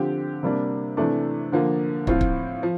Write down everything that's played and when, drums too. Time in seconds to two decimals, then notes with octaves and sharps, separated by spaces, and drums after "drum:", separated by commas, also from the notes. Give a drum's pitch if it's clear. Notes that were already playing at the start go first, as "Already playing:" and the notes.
Already playing: D3 F3 C4 G4
0.43 C3 G3 A#3 D4
0.97 C3 E3 A3 D4
1.52 D3 F3 A#3
2.07 A2 F3 C4 F4, drum: kick
2.21 drum: kick
2.63 F3